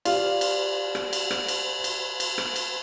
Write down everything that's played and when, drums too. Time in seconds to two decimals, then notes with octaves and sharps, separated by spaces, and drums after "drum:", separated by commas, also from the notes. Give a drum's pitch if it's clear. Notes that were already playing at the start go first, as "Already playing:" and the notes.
0.05 F4 G4 D5, drum: cymbal
0.41 drum: cymbal
0.95 drum: rim click
1.13 drum: cymbal
1.31 drum: rim click
1.48 drum: cymbal
1.84 drum: cymbal
2.20 drum: cymbal
2.38 drum: rim click
2.56 drum: cymbal